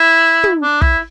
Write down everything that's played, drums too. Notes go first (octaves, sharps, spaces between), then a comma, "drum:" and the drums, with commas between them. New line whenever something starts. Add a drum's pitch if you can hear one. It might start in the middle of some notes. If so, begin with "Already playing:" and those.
Already playing: E4
drum: tom
D4
E4, drum: kick